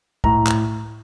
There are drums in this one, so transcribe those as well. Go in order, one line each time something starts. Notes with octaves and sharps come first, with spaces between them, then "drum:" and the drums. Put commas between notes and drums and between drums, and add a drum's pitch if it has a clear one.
A2 A#5, drum: kick
drum: clap